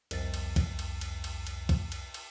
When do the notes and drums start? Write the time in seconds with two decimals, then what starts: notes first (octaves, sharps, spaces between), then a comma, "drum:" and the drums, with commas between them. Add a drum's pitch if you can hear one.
0.11 C2 F2 A6, drum: cymbal
0.34 drum: cymbal
0.56 drum: kick, cymbal
0.79 drum: cymbal
1.01 drum: cymbal
1.24 drum: cymbal
1.47 drum: cymbal
1.69 drum: kick, cymbal
1.92 drum: cymbal
2.14 drum: cymbal